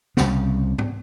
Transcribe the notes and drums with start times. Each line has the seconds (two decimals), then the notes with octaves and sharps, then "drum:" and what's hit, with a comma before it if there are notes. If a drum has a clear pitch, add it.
0.17 C2 C#3, drum: snare
0.78 drum: tom G#2